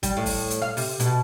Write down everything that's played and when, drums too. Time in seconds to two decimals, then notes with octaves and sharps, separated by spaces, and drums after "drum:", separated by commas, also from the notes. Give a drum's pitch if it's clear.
0.03 G3, drum: kick, hi-hat
0.17 A2
0.26 drum: kick, open hi-hat
0.50 drum: hi-hat
0.62 F5
0.77 C3, drum: open hi-hat
1.00 B2, drum: hi-hat